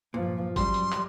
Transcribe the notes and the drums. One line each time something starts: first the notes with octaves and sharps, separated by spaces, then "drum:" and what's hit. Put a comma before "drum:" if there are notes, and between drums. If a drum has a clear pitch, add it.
G2 A#2 F3
F#2 G3 C6, drum: kick G#1, hi-hat
drum: hi-hat
drum: clap